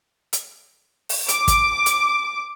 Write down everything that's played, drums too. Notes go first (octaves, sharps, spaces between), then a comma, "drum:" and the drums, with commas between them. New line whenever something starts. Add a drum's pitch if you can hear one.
drum: hi-hat
drum: open hi-hat
D6, drum: hi-hat
drum: kick, hi-hat
drum: hi-hat